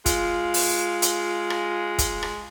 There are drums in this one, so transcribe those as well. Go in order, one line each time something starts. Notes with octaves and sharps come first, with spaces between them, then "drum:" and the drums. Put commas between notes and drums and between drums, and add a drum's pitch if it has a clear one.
G#3 F4, drum: kick, hi-hat
drum: open hi-hat
drum: hi-hat
drum: rim click
drum: kick, hi-hat
drum: rim click